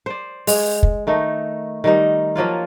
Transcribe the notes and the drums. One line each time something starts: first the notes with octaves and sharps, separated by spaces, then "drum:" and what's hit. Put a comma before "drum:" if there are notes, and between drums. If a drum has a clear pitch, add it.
C5 D5
G#3, drum: open hi-hat
drum: kick
D#3 A3 D#4
D#3 G3 D#4
F3 F#3 A#3 F4